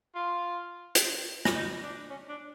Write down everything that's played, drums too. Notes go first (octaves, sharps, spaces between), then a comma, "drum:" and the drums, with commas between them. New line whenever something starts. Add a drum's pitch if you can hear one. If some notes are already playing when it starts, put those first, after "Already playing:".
F4
drum: hi-hat
drum: rim click
D#4
D4
C#4
D4